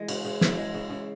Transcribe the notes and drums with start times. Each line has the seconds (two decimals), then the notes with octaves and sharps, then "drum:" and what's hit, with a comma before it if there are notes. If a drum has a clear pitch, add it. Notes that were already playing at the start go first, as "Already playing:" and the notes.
Already playing: E3 G#3
0.08 C#3, drum: cymbal
0.25 C#3
0.41 E3, drum: snare
0.57 G#3
0.74 C#3
0.90 C#3